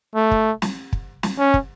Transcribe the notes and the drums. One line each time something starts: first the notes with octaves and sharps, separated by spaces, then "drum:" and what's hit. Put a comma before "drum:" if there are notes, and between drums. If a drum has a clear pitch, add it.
A3
drum: kick
drum: snare
drum: kick
drum: snare
C#4
drum: kick